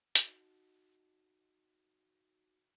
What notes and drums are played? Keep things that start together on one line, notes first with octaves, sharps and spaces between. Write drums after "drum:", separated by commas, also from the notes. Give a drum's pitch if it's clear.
D#4 F#4, drum: hi-hat